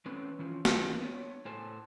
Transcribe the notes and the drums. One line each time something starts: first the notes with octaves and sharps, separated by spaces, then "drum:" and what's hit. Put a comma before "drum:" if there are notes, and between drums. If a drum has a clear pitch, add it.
E3 A3 C4 C#4 B4
E3 F3 C#4
E3 C#4 F4, drum: snare
B3 D4 C#5
A2 A4 C5 G#5